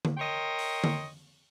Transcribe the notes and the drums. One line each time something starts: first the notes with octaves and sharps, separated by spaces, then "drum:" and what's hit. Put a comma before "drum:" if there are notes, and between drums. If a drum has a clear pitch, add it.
drum: tom D3
A#4 C#5 D#5 G5 C6
drum: open hi-hat
drum: tom D3